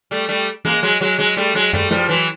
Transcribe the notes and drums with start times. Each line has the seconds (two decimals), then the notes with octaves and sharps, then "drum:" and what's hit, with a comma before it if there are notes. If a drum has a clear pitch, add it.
0.11 G3 A3
0.28 G3 A3
0.65 G#3 A#3, drum: tom E3
0.83 F#3 G#3
1.01 F#3 G#3
1.18 F#3 G#3
1.37 G3 A3
1.55 F#3 G#3
1.73 G3 A3, drum: tom F#2
1.91 F3 G3, drum: snare
2.09 E3 F#3